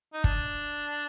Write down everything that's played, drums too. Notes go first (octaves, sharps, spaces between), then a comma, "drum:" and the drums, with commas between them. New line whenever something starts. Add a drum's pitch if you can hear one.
D#4
D4, drum: kick